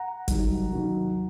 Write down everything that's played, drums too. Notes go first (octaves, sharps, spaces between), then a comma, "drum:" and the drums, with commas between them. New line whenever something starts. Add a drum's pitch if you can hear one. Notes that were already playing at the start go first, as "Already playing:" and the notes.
Already playing: F#5 A#5
C2 C3 D#3 F#3, drum: kick G1, hi-hat
D#2 D#3 F#3